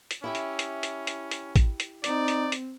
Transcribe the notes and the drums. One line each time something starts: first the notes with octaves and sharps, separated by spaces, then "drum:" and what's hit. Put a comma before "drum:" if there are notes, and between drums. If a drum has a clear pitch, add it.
drum: hi-hat
C#4 E4 G4 E5
drum: hi-hat
drum: hi-hat
drum: hi-hat
drum: hi-hat
drum: hi-hat
drum: kick A1, hi-hat
drum: hi-hat
C4 D#4 D5, drum: hi-hat
drum: hi-hat
drum: hi-hat